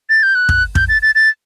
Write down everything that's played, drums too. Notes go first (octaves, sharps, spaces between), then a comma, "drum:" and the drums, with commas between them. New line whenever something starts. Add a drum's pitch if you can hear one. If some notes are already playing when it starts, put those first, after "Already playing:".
A6
G6
F#6
drum: kick
G6, drum: kick
A6
A6
A6